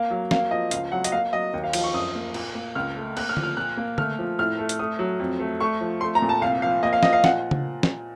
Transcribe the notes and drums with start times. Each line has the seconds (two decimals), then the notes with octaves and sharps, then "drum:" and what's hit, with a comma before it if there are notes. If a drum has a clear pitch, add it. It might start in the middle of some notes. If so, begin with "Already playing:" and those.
Already playing: A#3 F5
0.10 F#3
0.31 A#3 F5, drum: snare
0.51 F3 D#5
0.71 C#2 F5, drum: hi-hat
0.92 F#3 F#5
1.04 D#5, drum: hi-hat
1.12 A#3 F5
1.32 F#3 D#5
1.54 D#2
1.64 F5
1.73 F3, drum: cymbal
1.84 C#6
1.94 F#2 D#6
2.15 A#3
2.34 A#2, drum: cymbal
2.55 A#3
2.75 C#2 F6
2.96 A3
3.17 A#3 F#6, drum: cymbal
3.29 F6
3.37 F3, drum: tom D3
3.43 F6
3.57 A#2 F#6
3.77 A#3
3.98 A3 F6, drum: tom D3
4.19 F3
4.39 A2 F6
4.59 A3
4.69 drum: hi-hat
4.79 A3 D#6
4.99 F#3
5.20 F2
5.40 A3
5.60 A3 C#6
5.81 F3
6.01 A3 C6
6.15 A#5
6.22 A#2
6.29 A5
6.42 C2 F5
6.62 F3 F5
6.83 A#3 D#5
6.93 F5
7.03 F3 D#5, drum: snare
7.13 F5
7.24 A#2 F#5, drum: snare
7.51 drum: tom C#3
7.83 drum: snare